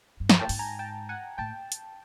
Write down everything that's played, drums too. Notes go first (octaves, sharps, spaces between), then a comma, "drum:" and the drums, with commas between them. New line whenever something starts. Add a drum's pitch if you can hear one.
G2
drum: snare
A2 G5 A5
G#2, drum: open hi-hat
G#5 A#5
G5 A5
F#5 G#5
A2 G5 A5
drum: hi-hat